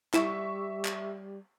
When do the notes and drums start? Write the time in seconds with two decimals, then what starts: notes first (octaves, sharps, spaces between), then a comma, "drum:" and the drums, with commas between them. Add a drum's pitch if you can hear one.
0.14 G3 E4 E5 C#6 E7, drum: clap
0.85 drum: clap